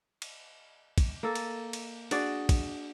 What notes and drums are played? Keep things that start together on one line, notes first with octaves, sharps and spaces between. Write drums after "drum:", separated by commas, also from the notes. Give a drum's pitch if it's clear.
drum: cymbal
drum: kick, cymbal
A#3 A4
drum: cymbal
drum: cymbal
D4 F#4 G#4 D5, drum: cymbal
drum: kick, cymbal